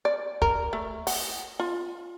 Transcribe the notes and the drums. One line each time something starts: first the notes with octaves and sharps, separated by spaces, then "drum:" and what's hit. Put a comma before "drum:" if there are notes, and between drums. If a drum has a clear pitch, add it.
D5
A#4, drum: kick
A3
F#5, drum: open hi-hat
F4